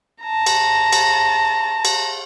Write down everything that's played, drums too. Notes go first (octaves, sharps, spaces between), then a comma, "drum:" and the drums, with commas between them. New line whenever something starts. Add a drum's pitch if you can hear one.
A5 A#5
drum: cymbal
drum: cymbal
drum: cymbal